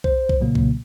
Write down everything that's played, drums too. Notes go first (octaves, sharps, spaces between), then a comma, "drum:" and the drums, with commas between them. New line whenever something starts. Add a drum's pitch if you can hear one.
C5, drum: kick B1
drum: kick B1
A#2 C#3 F#3 A#3
drum: kick B1